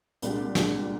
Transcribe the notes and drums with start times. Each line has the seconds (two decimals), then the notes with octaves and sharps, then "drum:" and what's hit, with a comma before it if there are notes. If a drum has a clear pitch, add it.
0.22 C2 A#2 G#3 D4 G4, drum: hi-hat
0.55 C2 A#2 G#3 D4 G4, drum: snare